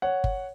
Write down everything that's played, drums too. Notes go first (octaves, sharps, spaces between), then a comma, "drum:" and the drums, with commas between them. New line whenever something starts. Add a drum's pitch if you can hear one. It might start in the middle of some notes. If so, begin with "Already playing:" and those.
C#5 F#5
drum: kick G1